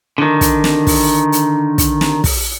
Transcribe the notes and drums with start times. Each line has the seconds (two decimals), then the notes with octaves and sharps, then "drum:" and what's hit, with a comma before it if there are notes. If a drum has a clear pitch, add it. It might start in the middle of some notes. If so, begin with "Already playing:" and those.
0.18 D3 D#3
0.41 drum: kick, hi-hat
0.64 drum: snare
0.87 drum: kick, open hi-hat
1.32 drum: hi-hat
1.78 drum: kick, hi-hat
2.01 drum: snare
2.24 drum: kick, open hi-hat